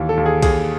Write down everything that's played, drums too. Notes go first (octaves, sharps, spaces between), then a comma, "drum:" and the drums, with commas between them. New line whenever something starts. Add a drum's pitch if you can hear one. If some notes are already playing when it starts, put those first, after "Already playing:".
Already playing: D#2 E3
A4
D#2
G#4
D#2 G#4, drum: kick B1, cymbal